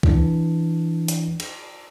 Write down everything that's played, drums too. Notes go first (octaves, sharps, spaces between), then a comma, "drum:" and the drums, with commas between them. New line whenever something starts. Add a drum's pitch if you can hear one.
E3 D4, drum: kick C2
drum: hi-hat
drum: cymbal